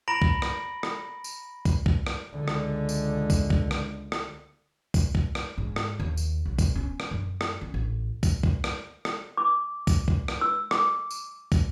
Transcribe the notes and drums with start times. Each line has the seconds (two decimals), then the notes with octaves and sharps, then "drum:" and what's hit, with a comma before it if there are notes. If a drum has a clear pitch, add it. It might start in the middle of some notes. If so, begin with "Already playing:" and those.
0.08 A#5 B5 A#6 D7 F#7
0.22 drum: kick
0.42 drum: rim click
0.83 drum: rim click
1.24 drum: tambourine
1.65 drum: kick, tambourine
1.86 drum: kick
2.07 drum: rim click
2.35 C#2 D3
2.48 drum: rim click
2.89 drum: tambourine
3.30 drum: kick, tambourine
3.50 drum: kick
3.71 drum: rim click
4.12 drum: rim click
4.94 drum: kick, tambourine
5.15 drum: kick
5.35 drum: rim click
5.58 G#2
5.76 drum: rim click
6.00 D#2
6.17 drum: tambourine
6.45 B1
6.59 drum: kick, tambourine
6.75 C#4
7.00 drum: rim click
7.11 F#2
7.41 drum: rim click
7.61 C#4
7.74 A1
8.23 drum: kick, tambourine
8.43 drum: kick
8.64 drum: rim click
9.05 drum: rim click
9.37 D6
9.87 drum: kick, tambourine
10.08 drum: kick
10.28 drum: rim click
10.41 E6
10.71 D6, drum: rim click
11.11 drum: tambourine
11.52 drum: kick, tambourine